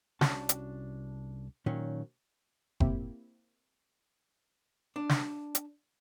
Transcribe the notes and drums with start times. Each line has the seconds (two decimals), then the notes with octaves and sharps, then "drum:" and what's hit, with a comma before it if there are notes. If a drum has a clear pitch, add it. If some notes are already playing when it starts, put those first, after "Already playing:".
0.21 C2 C#4 D4 F#4 A5, drum: snare
0.49 drum: hi-hat
1.66 A#2 D#3 F#3 C#4
2.80 A#3 C4 E4 G4, drum: kick F#1
4.96 D4
5.09 drum: snare
5.55 drum: hi-hat